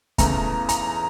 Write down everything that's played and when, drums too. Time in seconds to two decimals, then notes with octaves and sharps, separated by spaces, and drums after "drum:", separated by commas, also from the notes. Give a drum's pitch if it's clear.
0.18 E2 C#3 E3 A3 A#5, drum: kick, hi-hat
0.69 A#5, drum: hi-hat